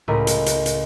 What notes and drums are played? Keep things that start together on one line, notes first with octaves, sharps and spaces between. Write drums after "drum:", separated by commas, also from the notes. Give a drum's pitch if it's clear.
C#2 A2 A#4 D#5 A#5 B5
drum: hi-hat
drum: hi-hat
drum: hi-hat